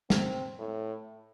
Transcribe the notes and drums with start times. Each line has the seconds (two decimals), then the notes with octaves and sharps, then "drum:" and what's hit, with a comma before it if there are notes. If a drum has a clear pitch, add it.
0.10 C4, drum: snare
0.59 A2